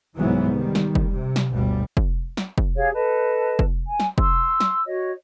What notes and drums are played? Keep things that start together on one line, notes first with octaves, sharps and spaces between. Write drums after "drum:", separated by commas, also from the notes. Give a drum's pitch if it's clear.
C2 G#2 E3 F#3 B3
D#3 G3
drum: snare
drum: kick
C3
drum: snare
G1 D2 B2 G3
drum: kick
drum: snare
drum: kick
G4 G#4 C#5 F5
A4 B4 D#5 A5
drum: kick
G#5
drum: snare
C6 E6, drum: kick
drum: snare
F#4 C#5 D#5